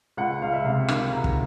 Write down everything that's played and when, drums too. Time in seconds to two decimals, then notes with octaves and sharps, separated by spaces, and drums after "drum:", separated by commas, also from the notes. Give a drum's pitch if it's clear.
0.17 C#2 F#5
0.42 C#2 F5
0.53 E5
0.65 C3 F5
0.88 D#3 F5, drum: rim click
1.12 C#2 A#5
1.24 drum: kick